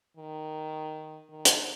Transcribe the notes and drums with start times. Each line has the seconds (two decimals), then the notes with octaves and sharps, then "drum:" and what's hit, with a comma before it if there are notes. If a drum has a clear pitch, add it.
0.17 D#3
1.29 D#3
1.45 drum: hi-hat